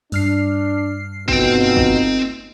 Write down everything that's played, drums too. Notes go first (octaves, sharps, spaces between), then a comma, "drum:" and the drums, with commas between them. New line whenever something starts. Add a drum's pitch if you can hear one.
G2 D4 F6 C7, drum: open hi-hat
B2 A3 C4 D#4 F4 G5, drum: kick
drum: kick